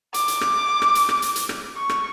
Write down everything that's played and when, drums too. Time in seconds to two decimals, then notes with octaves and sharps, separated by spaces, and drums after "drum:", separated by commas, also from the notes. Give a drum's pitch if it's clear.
0.14 D6, drum: hi-hat
0.28 drum: hi-hat
0.41 drum: rim click
0.82 drum: rim click
0.95 drum: hi-hat
1.09 drum: rim click
1.22 drum: hi-hat
1.36 drum: hi-hat
1.49 drum: rim click
1.76 C#6
1.89 drum: rim click